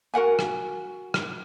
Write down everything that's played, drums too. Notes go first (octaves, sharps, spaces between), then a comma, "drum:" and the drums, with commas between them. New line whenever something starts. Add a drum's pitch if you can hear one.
F#4 A#4 F#5 G#5
drum: rim click
drum: rim click